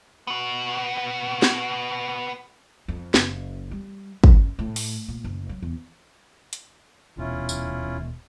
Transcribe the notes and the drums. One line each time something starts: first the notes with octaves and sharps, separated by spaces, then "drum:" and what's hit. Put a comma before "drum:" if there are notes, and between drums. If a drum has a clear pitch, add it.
B3 F#4
drum: snare
F2
F#1, drum: snare
G3
F#2, drum: kick
A2
drum: open hi-hat
A#2
F#1
F#3
E2
drum: hi-hat
D#1 B2 C#4 E4 F4
drum: tambourine